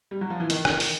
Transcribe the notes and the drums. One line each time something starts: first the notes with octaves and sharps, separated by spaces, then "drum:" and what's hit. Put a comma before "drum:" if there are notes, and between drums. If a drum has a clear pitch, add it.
G3
F#3
F3
E3
D#3, drum: hi-hat
drum: rim click
drum: open hi-hat